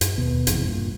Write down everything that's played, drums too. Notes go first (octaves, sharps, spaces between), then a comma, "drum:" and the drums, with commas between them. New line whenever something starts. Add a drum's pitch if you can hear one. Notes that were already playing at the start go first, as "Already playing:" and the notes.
F#2, drum: hi-hat
D#2 B2 B3
G#1 F2 C3 E3, drum: hi-hat
G2 A#2